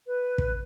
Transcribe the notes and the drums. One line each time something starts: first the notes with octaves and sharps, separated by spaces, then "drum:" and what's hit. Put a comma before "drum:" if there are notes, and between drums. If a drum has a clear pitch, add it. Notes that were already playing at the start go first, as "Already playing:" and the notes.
B4
drum: kick